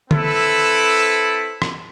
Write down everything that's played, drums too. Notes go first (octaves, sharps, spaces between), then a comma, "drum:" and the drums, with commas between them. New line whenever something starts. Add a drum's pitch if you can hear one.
C4 E4 A4 B4, drum: tom D3
drum: rim click